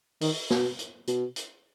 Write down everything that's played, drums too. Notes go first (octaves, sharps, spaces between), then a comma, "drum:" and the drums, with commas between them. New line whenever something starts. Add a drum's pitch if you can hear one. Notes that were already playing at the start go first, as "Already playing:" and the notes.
D#3, drum: open hi-hat
B2, drum: snare
drum: hi-hat
B2, drum: hi-hat
drum: hi-hat